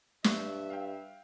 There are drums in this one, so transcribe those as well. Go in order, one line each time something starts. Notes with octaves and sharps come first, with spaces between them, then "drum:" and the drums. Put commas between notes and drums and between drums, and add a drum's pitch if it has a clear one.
G2 E5 C#6 F#6, drum: snare
F5 G5